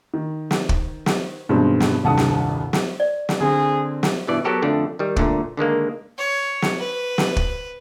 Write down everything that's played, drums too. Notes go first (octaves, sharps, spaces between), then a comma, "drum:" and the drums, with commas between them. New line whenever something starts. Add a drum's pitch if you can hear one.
D#3
drum: snare
drum: kick
drum: snare
G2 B2 D#3 G#3 C4
drum: snare
D#1 C2 G2 F#5 A5 D#6
drum: snare
drum: snare
D5
drum: snare
D3 C4 G#4
drum: snare
G2 B2 E3 D5
F#3 B3 F#4 G4 A4 A#4
F2 D3 A3 D5
D#3 G3
G1 A#2 D3 A3, drum: kick
D3 D#3 G#3 A#3
C#5
drum: snare
B4
drum: snare
drum: kick